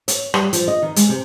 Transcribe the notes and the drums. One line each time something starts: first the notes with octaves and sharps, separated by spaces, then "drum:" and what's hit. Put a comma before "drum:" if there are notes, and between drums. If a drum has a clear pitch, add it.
C#5, drum: hi-hat
G3, drum: rim click
F3, drum: hi-hat
D#5
D#3
G#3, drum: hi-hat
C3